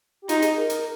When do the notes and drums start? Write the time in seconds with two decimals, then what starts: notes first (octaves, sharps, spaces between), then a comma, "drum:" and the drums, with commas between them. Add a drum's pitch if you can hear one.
0.22 G4
0.29 D#4 F4, drum: hi-hat
0.38 G4
0.42 G#4, drum: hi-hat
0.56 A#4
0.70 drum: hi-hat